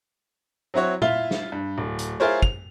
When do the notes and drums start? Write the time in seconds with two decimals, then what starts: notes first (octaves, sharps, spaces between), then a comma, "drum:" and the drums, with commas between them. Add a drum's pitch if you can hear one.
0.74 F#3 C4 E4 F#4 C#5
1.02 E4 F4 E5 F5 G7, drum: tom A#2
1.31 drum: snare
1.52 G2
1.78 D1
1.99 drum: hi-hat
2.20 E4 F4 G#4 A#4 C5 C#5
2.42 F7, drum: kick